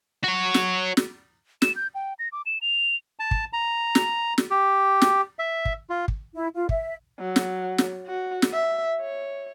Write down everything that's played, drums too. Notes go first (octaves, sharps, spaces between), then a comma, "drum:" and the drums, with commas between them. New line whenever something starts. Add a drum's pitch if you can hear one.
F#4 C#5
drum: snare
drum: snare
E7, drum: snare
G6
G5
A#6
D6
E7
F7
A5
drum: kick
A#5
drum: snare
drum: snare
G4
drum: snare
E5
drum: kick
F4
drum: kick
E4
F4
E5, drum: kick
F#3
drum: snare
drum: snare
F#4
drum: snare
E5
C#5